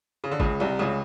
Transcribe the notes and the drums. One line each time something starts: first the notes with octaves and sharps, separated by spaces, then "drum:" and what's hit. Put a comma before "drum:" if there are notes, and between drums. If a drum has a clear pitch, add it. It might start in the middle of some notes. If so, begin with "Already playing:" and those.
C#3
D3
C#2 C#3, drum: kick G#1
C2 C3
C#2 C#3